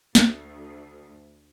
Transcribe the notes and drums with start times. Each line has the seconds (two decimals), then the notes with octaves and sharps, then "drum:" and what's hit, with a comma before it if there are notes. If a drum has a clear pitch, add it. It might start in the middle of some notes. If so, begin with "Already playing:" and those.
0.15 D2, drum: snare